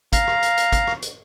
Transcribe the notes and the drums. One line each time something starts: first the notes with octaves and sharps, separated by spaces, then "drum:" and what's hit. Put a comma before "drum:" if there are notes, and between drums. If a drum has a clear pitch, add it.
F5 A#5, drum: kick G#1, hi-hat
drum: rim click
drum: hi-hat
drum: hi-hat
drum: kick G#1, hi-hat
drum: rim click
drum: hi-hat